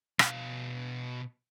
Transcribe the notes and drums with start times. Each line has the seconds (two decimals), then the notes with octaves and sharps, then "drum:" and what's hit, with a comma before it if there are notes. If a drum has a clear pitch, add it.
0.19 B2 F5, drum: rim click